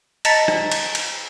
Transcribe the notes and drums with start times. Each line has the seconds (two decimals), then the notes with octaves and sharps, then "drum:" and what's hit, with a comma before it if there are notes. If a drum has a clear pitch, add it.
0.25 D#5 A5 A#5 A6 B6 C#7, drum: cymbal
0.48 drum: rim click
0.72 drum: cymbal
0.95 drum: cymbal